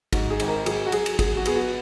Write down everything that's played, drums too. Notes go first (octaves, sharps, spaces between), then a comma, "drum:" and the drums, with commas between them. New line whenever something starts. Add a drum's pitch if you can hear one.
G#2 F#4, drum: kick, cymbal
G#4
G#1, drum: cymbal
A#4
F#3 G#4, drum: cymbal
F#4
F#3 G#4, drum: cymbal
drum: cymbal
F#3 G#4, drum: kick, cymbal
F#4
B3 G#4, drum: cymbal
F#4